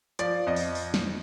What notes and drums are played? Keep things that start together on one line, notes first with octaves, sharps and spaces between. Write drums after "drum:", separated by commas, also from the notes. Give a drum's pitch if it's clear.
F3 D5, drum: hi-hat
F2 D#5
drum: open hi-hat
drum: open hi-hat
drum: snare